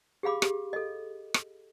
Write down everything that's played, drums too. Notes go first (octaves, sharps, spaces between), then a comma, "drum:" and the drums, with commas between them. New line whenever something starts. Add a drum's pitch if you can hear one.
G4 G#4 F5 B5 D6
G4, drum: rim click
A4 D#5
drum: rim click